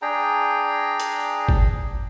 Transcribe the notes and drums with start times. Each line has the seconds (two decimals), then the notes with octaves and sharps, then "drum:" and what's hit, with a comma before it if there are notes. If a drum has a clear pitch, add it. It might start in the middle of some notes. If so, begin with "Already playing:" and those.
0.02 D4 G#4 G5 A#5
1.00 drum: hi-hat
1.49 drum: kick